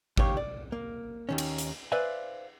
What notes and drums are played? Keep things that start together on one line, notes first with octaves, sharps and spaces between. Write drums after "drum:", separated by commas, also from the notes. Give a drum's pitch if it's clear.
D#2 C#3 G4 C#5 F5, drum: kick G#1
D5
A#3
D#2 D#3 C#4
drum: cymbal
drum: hi-hat
B4 C5 D5 E5 F5 G#5